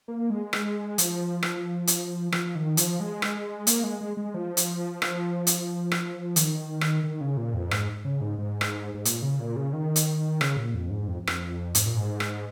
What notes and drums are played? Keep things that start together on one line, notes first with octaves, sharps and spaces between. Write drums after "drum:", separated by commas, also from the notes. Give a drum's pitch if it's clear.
A#3
G#3
drum: rim click
F3, drum: hi-hat
drum: rim click
drum: hi-hat
F3, drum: rim click
D#3
F3, drum: hi-hat
G#3
drum: rim click
A#3, drum: hi-hat
G#3
G#3
G#3
F3
drum: hi-hat
drum: rim click
drum: hi-hat
drum: rim click
D#3, drum: hi-hat
drum: rim click
D#3
C#3
A#2
F2
G#2, drum: rim click
C#3
G#2
G#2
drum: rim click
G#2
A#2, drum: hi-hat
C#3
A#2
C#3
D#3
drum: hi-hat
C#3, drum: rim click
A#2
F2
G#2
F2
F2, drum: rim click
G#2, drum: hi-hat
A#2
G#2
drum: rim click